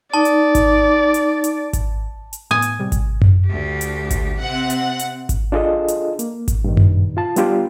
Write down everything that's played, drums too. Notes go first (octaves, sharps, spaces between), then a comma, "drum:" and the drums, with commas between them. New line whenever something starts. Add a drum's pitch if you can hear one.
D#4 D5 A5
drum: hi-hat
drum: kick G#1, hi-hat
drum: hi-hat
drum: hi-hat
drum: kick G#1, hi-hat
drum: hi-hat
A2 B3 G#5 D#6
drum: hi-hat
C3 G3
drum: kick G#1, hi-hat
drum: tom F#2
D2 G4
drum: hi-hat
drum: kick G#1, hi-hat
C3 C4 F#5
drum: hi-hat
drum: hi-hat
drum: kick G#1, hi-hat
D4 F4 G#4 A4 D#5
drum: hi-hat
A#3, drum: hi-hat
drum: kick G#1, hi-hat
G2 A#2 D#3
drum: tom F#2
F4 A5
G3 B3 D4 F4 G4, drum: hi-hat